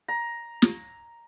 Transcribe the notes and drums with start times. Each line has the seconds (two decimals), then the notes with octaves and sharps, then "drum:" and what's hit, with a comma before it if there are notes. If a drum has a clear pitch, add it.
0.08 A#5
0.62 drum: snare